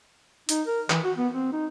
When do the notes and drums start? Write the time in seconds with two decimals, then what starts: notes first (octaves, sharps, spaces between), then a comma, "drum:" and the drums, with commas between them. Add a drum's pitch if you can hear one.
0.49 D#4, drum: hi-hat
0.67 A#4
0.90 E3, drum: clap
1.04 F#4
1.17 B3
1.34 C4
1.52 D#4